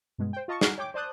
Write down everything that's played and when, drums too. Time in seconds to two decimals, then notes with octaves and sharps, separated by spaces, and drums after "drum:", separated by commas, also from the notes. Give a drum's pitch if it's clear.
0.18 G2 B2 G#3
0.33 C5 G5
0.48 F4 D#5 A5 C#6
0.61 F#4 A#5 F6 C7, drum: snare
0.78 C#5 G5 D6
0.94 C5 D5 A5 D#6 F#6 G6